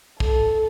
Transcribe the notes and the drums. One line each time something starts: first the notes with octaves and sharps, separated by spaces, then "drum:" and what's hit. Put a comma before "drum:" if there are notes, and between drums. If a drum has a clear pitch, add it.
A4, drum: kick